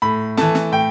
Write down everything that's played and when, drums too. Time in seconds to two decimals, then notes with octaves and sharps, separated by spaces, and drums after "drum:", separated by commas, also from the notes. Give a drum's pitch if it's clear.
0.02 A2 B5
0.37 E3 A3 A5, drum: snare
0.55 drum: snare
0.72 A2 G5